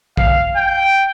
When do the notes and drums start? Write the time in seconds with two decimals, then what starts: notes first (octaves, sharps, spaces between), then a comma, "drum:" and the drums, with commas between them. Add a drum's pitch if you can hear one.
0.17 F5, drum: kick
0.57 G5